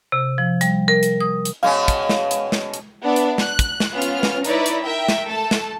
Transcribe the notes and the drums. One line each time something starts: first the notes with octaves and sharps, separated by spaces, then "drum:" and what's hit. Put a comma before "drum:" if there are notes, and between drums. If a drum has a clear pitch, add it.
C3
F3
G3, drum: hi-hat
A#4
drum: hi-hat
D#6
drum: hi-hat
B2 G#3 C#4 F5
drum: kick, hi-hat
drum: snare
drum: hi-hat
drum: snare
drum: hi-hat
B3 D4 D5 E5
drum: hi-hat
F#6, drum: snare
drum: kick, hi-hat
drum: snare
B3 C#4 F4 F6
drum: hi-hat
drum: snare
D#4 E4 B4 C#5 D5, drum: hi-hat
drum: hi-hat
A#4 E5 G5
drum: snare
A3 A4 A5
drum: snare